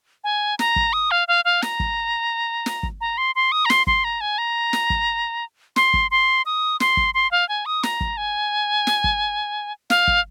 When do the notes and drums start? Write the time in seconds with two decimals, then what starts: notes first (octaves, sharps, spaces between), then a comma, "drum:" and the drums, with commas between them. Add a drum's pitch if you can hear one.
0.24 G#5
0.59 A#5, drum: snare
0.76 drum: kick
0.93 D#6
1.11 F5
1.28 F5
1.45 F5
1.62 A#5, drum: snare
1.80 drum: kick
2.66 drum: snare
2.83 drum: kick
3.01 A#5
3.18 C6
3.35 C6
3.52 D#6
3.65 A#5
3.70 C6, drum: snare
3.87 C6, drum: kick
4.04 A#5
4.21 G#5
4.38 A#5
4.73 drum: snare
4.90 drum: kick
5.76 C6, drum: snare
5.94 drum: kick
6.11 C6
6.46 D#6
6.80 C6, drum: snare
6.97 drum: kick
7.14 C6
7.31 F5
7.49 G#5
7.66 D#6
7.83 A#5, drum: snare
8.01 drum: kick
8.17 G#5
8.87 drum: snare
9.04 drum: kick
9.90 F5, drum: snare
10.08 drum: kick